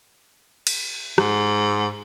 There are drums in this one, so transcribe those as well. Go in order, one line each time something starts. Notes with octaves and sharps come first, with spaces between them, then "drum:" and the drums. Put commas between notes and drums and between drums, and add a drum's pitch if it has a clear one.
drum: cymbal
G#2, drum: rim click